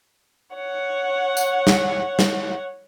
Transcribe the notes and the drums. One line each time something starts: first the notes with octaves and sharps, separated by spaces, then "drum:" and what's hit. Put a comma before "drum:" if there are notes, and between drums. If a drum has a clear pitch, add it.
C#5 F#5
drum: tambourine
drum: snare
drum: snare